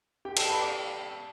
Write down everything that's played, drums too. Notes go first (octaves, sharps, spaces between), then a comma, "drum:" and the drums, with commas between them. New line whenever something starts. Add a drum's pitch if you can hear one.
G4 G5
A4 A5, drum: cymbal
B4 B5
D5 D6